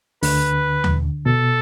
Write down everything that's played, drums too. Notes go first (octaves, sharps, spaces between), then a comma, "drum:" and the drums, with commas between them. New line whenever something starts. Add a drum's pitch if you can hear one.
D2 D3 B4, drum: open hi-hat
drum: tom D#2
B2 A4